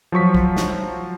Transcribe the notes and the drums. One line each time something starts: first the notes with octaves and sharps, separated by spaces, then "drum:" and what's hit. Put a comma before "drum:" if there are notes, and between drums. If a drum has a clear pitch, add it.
F3 F#3 C#6 B6
drum: kick B1
drum: snare